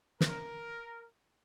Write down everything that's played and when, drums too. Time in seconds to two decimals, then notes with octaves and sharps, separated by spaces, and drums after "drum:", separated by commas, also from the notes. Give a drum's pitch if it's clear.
0.21 A#4, drum: snare